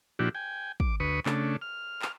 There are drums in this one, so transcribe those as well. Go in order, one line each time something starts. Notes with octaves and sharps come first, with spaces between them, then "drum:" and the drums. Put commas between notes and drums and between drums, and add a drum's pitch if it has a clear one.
A#2 F3 D4 E4 F#4 G4
G5 G#5
D6, drum: kick
D2 B4 C#6 D#6
C#3 A3 D4, drum: clap
F6
drum: clap